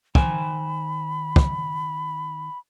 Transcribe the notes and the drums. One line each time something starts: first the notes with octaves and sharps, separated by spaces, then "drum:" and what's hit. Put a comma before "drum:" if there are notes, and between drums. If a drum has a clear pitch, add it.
D#3 C5 G#5 B5, drum: kick
drum: kick